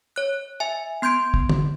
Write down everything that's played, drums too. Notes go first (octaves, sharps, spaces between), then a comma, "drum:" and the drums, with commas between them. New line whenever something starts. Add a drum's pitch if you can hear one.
C#5 F#6
E5 G#5
B3 C6 G6 G#6 D7
drum: kick
drum: tom D3